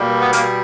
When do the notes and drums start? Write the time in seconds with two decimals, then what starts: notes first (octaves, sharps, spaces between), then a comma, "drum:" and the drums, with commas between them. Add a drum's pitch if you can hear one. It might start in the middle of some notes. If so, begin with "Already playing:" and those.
Already playing: B2 G3 A#3
0.21 B3
0.33 A#3, drum: hi-hat